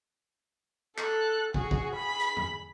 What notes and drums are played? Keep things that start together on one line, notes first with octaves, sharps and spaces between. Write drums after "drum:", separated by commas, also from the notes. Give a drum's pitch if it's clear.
A4 F#6, drum: clap
F#4 G#4, drum: kick
drum: kick
G#4 B5
drum: hi-hat
drum: tom F2